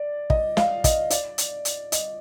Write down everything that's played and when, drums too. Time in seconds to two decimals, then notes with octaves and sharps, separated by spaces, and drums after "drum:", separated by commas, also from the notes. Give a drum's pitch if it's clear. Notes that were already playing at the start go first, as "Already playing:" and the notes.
Already playing: D5
0.30 D#5, drum: kick
0.57 F5, drum: snare
0.84 D#5, drum: kick, hi-hat
1.10 D5, drum: hi-hat
1.38 drum: hi-hat
1.65 drum: hi-hat
1.92 D#5, drum: hi-hat